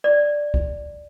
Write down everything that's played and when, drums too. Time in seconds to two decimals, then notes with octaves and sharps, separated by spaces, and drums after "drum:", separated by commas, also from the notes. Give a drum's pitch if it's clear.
0.04 D5
0.54 drum: kick